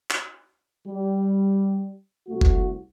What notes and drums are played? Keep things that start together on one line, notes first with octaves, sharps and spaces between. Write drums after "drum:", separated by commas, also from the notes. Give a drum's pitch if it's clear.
drum: clap
G3
C2 A3 F#4
drum: kick F#1